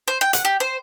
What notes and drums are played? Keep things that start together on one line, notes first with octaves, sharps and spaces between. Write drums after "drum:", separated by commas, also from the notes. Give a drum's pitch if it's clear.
C5
G5
F#5, drum: hi-hat
G4
C5